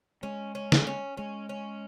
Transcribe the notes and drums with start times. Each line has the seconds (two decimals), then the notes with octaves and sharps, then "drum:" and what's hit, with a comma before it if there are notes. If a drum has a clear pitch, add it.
0.23 G#3 C#4
0.55 C#4
0.72 drum: snare
0.87 C#4
1.17 G#3 C#4
1.49 C#4